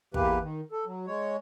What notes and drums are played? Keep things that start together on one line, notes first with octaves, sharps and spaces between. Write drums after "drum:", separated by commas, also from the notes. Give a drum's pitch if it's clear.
E2 E3 A#3 G4 B4, drum: kick
D#3
A4
F#3
G#3 C#5